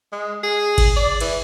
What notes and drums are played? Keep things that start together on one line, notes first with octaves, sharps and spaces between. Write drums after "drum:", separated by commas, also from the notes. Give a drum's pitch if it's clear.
G#3
G#4
drum: kick G1, cymbal
D5
E3, drum: cymbal